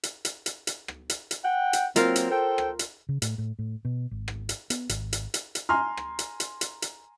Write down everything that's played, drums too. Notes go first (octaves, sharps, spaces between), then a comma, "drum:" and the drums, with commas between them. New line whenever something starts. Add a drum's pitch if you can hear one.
drum: hi-hat
drum: hi-hat
drum: hi-hat
drum: hi-hat
drum: rim click
drum: hi-hat
drum: hi-hat
F#5 G5
drum: hi-hat
F#3 A#3 C4 F4 A#4 F5, drum: hi-hat
drum: hi-hat
A4 C5 G5
drum: rim click
drum: hi-hat
C#3
A2, drum: hi-hat
A2
A2
B2
G#1
drum: rim click
drum: hi-hat
B3, drum: hi-hat
G#1, drum: hi-hat
drum: hi-hat
drum: hi-hat
drum: hi-hat
G#5 A#5 C6 F6
drum: rim click
drum: hi-hat
drum: hi-hat
drum: hi-hat
drum: hi-hat